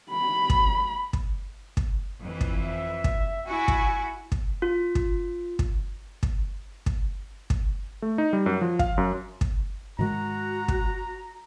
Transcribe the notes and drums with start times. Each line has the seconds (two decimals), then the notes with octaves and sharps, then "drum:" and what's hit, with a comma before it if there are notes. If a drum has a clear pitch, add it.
0.11 B5
0.50 drum: kick
1.13 drum: kick
1.77 drum: kick
2.20 F2 E3
2.41 drum: kick
2.62 E5
3.04 drum: kick
3.48 E4 F#4 G#5
3.68 drum: kick
4.32 drum: kick
4.62 F4
4.95 drum: kick
5.59 drum: kick
6.23 drum: kick
6.86 drum: kick
7.50 drum: kick
8.02 A3
8.18 D#4
8.33 G3
8.46 F#2
8.61 F3
8.79 F5, drum: kick
8.98 F#2
9.41 drum: kick
9.99 G#2 D#3 G#3 F#4 A#5
10.68 drum: kick